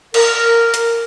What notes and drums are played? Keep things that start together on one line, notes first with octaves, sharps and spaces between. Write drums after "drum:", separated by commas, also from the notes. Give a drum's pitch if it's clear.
A#4, drum: cymbal
drum: hi-hat